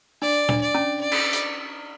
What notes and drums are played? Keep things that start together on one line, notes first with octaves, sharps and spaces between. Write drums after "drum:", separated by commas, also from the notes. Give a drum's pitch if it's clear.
D4 D5
D4, drum: tom
D5
C#4
D5
drum: cymbal
drum: hi-hat